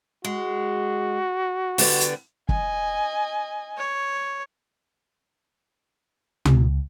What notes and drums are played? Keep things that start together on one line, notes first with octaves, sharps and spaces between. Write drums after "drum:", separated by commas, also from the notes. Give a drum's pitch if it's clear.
G#3 F#4
D3 G3 B3, drum: open hi-hat
drum: hi-hat
D#5 G#5, drum: kick
C#5
C#2, drum: tom